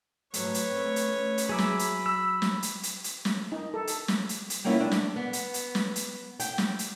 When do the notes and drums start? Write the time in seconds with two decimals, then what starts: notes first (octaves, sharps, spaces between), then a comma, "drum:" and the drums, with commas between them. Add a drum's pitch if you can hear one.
0.34 G#2 F#3 A3 B4 C#5, drum: hi-hat
0.54 drum: hi-hat
0.71 A3 C4
0.96 drum: hi-hat
1.08 A3 C#4
1.38 drum: hi-hat
1.49 F#3 G#4 E5 B5 D6
1.58 drum: snare
1.79 drum: hi-hat
2.06 E6
2.42 drum: snare
2.63 drum: hi-hat
2.83 drum: hi-hat
3.04 drum: hi-hat
3.25 drum: snare
3.52 D#4
3.74 A4
3.87 drum: hi-hat
4.08 drum: snare
4.29 drum: hi-hat
4.50 drum: hi-hat
4.64 G3 A#3 B3 C#4 E4 F4
4.80 D4
4.91 drum: snare
5.16 B3
5.33 drum: hi-hat
5.54 drum: hi-hat
5.75 drum: snare
5.96 drum: hi-hat
6.40 G5, drum: hi-hat
6.58 drum: snare
6.79 drum: hi-hat